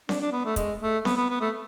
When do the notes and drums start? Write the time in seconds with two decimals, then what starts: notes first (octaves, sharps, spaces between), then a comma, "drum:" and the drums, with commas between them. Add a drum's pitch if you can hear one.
0.09 D4, drum: snare C4
0.21 D4
0.32 B3
0.45 A3
0.56 G#3, drum: kick, hi-hat
0.81 A3
1.05 B3, drum: snare C4
1.17 B3
1.30 B3
1.41 A3